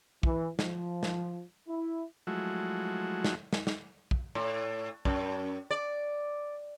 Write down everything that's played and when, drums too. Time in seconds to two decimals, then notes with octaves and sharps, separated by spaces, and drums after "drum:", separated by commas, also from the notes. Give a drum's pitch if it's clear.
0.23 E3, drum: kick
0.59 F3, drum: snare
1.03 drum: snare
1.69 E4
2.27 F3 F#3 G#3 A3 E4 F#4
3.24 drum: snare
3.53 drum: snare
3.67 drum: snare
4.11 drum: kick
4.35 A2
5.05 F#2, drum: kick
5.71 D5